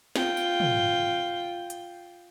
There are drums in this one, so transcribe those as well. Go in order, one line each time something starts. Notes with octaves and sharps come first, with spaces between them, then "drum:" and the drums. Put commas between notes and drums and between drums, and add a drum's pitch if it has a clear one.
F4 G5, drum: snare
drum: tambourine
drum: tom
drum: hi-hat